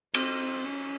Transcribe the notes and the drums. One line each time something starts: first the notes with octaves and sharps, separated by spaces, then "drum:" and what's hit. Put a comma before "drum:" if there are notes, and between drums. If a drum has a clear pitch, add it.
C4, drum: cymbal
C#4